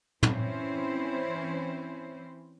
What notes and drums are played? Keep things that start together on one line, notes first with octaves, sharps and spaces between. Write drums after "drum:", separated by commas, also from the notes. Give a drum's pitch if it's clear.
E3 C4 C#4 E4 C5, drum: tom